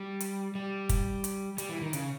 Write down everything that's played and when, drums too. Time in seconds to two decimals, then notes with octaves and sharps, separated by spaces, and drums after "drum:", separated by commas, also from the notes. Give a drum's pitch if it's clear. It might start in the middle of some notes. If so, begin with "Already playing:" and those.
Already playing: G3
0.20 drum: hi-hat
0.55 G3
0.89 drum: kick, hi-hat
1.24 drum: hi-hat
1.58 G3, drum: hi-hat
1.69 E3
1.82 D#3
1.93 C#3, drum: hi-hat